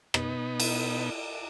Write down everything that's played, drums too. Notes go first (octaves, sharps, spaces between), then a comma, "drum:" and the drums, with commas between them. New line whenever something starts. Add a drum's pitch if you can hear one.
B2 B3 D#4, drum: rim click
drum: cymbal